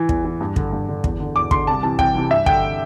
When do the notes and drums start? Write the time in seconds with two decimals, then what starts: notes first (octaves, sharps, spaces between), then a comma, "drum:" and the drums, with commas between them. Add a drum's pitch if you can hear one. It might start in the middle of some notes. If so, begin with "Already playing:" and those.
Already playing: E3
0.09 E2, drum: kick
0.25 E3
0.41 G2
0.56 D3, drum: kick
0.72 G2
0.89 D3
1.04 E2, drum: kick
1.20 D3
1.36 E2 D6
1.51 D3 C6, drum: kick
1.67 C2 A5
1.83 C3 E3 A5
1.99 C2 G5, drum: kick
2.15 C3 E3
2.30 G2 E5
2.46 D3 G5, drum: kick